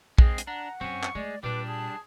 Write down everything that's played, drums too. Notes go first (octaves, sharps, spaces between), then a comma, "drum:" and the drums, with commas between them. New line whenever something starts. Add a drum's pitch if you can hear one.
G#3 C4 G#4, drum: kick
drum: hi-hat
D4 F#5 A#5
F#2 C4 C#4 C#6
drum: clap
G#3 A3 D5
A#2 G3 D4 B4 D6
G#4 A5